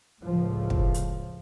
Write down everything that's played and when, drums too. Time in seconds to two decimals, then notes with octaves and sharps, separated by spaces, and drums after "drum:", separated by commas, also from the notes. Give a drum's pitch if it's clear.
0.22 F1 C#2 A2 F3
0.70 drum: kick
0.94 drum: hi-hat